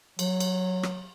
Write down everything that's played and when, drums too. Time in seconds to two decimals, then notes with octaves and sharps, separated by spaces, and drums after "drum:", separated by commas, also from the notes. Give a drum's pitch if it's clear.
0.19 F#3, drum: cymbal
0.40 drum: cymbal
0.83 drum: rim click